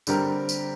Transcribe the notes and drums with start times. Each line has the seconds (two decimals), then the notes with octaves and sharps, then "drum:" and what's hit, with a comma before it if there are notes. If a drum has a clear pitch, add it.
0.07 D3 G3 C4 G4 A#4, drum: tambourine
0.49 drum: tambourine